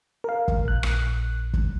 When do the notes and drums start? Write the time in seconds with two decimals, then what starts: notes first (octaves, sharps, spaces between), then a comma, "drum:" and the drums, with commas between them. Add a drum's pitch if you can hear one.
0.24 A#4 F5
0.48 drum: kick
0.65 A#1 F#6
0.83 drum: rim click
1.54 drum: kick